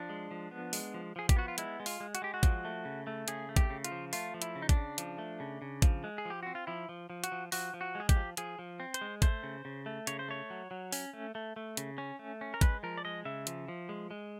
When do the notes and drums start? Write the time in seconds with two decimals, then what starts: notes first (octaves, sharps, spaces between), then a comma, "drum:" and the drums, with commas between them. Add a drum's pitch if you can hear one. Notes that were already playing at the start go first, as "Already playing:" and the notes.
Already playing: F3 D4
0.09 G#3
0.31 F3
0.51 B3
0.73 G#3, drum: open hi-hat
0.94 F3
1.16 F3 G#4
1.29 G4, drum: kick G#1, hi-hat
1.36 B3 F#4
1.48 F4
1.58 G#3 E4, drum: hi-hat
1.80 G#3
1.86 F4, drum: open hi-hat
2.00 G#3
2.15 F#4, drum: hi-hat
2.22 G#3 G4
2.34 F#4
2.43 F3, drum: kick G#1, hi-hat
2.65 A3
2.85 C#3
3.07 A3
3.28 C#3 G#4, drum: hi-hat
3.49 A3
3.56 G4, drum: kick G#1, hi-hat
3.70 C#3
3.84 F4, drum: hi-hat
3.92 F3
4.13 A3 F4, drum: open hi-hat
4.34 F3
4.42 E4, drum: hi-hat
4.56 C#3
4.62 D#4
4.69 D4, drum: kick G#1, hi-hat
4.77 C#3
4.98 F3, drum: hi-hat
5.18 A3
5.40 C#3
5.62 C#3
5.82 F3, drum: kick G#1, hi-hat
6.04 G#3
6.18 G#4
6.25 F3 G4
6.43 C4 F#4
6.55 F4
6.67 F3 E4
6.89 F3
7.10 F3
7.24 F#4, drum: hi-hat
7.32 F3
7.52 F3 F#4, drum: open hi-hat
7.74 F3
7.81 F#4
7.95 G#3
8.00 G#4
8.09 G4, drum: kick G#1, hi-hat
8.16 F3
8.37 F3 G#4, drum: hi-hat
8.59 F3
8.80 C4
8.94 C5, drum: hi-hat
9.01 G#3
9.22 A3 C5, drum: kick G#1, hi-hat
9.43 C#3
9.65 C#3
9.86 A3
10.07 C#3 C#5, drum: hi-hat
10.19 C5
10.28 A3 C#5
10.50 F#3
10.71 F#3
10.92 C#4, drum: open hi-hat
11.13 A3
11.35 A3
11.56 A3
11.77 C#3, drum: hi-hat
11.98 C#4
12.19 A3
12.41 C#4
12.54 A#4
12.61 G#3 B4, drum: kick G#1, hi-hat
12.83 F3 A#4
12.97 D5
13.05 G#3 D#5
13.25 C#3 E5
13.47 F3, drum: hi-hat
13.68 F3
13.89 G#3
14.11 G#3